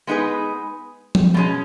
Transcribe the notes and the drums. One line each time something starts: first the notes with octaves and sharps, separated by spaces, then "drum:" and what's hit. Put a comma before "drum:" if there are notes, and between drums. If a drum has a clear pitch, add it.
G#3 B3 D#4 G#4 B4
drum: tom F3
B2 G#3 C#4